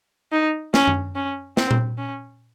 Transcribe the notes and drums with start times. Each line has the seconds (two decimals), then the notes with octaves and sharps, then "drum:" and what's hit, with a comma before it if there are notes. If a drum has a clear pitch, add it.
0.32 D#4
0.74 C#4, drum: snare
0.88 drum: tom F#2
1.15 C#4
1.57 C4, drum: snare
1.71 drum: tom A#2
1.98 C#4